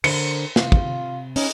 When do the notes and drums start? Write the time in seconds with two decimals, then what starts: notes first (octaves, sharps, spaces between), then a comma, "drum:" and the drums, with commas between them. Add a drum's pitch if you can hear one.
0.04 D3 D4 A#4 C5 C#7, drum: cymbal
0.56 C3 F4, drum: snare
0.72 drum: kick
1.36 C#4 D#4, drum: open hi-hat